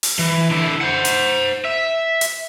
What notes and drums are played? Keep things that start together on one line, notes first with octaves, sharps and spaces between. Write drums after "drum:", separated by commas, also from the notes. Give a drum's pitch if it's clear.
drum: open hi-hat
E3
D3 E4
C5 F#5
drum: hi-hat
E5
drum: hi-hat